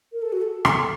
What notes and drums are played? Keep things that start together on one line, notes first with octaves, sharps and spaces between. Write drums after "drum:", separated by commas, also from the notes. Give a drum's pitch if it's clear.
A#4
A4
F#4
A4
drum: rim click